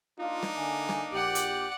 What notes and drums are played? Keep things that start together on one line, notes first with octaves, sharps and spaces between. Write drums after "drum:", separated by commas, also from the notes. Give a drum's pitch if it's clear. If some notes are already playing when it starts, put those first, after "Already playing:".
A#3 D4 D#4 F4
drum: snare
D3 E5 G#5
drum: snare
A#1 G4 D5 F#5
drum: hi-hat